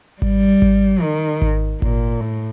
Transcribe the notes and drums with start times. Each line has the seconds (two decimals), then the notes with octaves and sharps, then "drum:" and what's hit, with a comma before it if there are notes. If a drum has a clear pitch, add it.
0.22 G3, drum: kick G#1
0.62 drum: kick G#1
1.02 D#3
1.42 drum: kick G#1
1.82 A#2, drum: kick G#1
2.21 A2